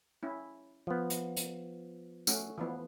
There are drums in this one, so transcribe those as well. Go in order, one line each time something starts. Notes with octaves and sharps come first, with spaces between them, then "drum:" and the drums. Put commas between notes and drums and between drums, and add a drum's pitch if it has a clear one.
C#4 E4
F3 B3
drum: hi-hat
drum: hi-hat
A3 C#4 F#4, drum: tambourine
E3 F3 B3